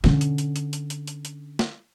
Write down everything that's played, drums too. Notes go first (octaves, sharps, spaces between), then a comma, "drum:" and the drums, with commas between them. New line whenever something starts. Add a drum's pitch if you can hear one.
D3 C#4, drum: snare
drum: hi-hat
drum: hi-hat
drum: hi-hat
drum: hi-hat
drum: hi-hat
drum: hi-hat
drum: hi-hat
drum: snare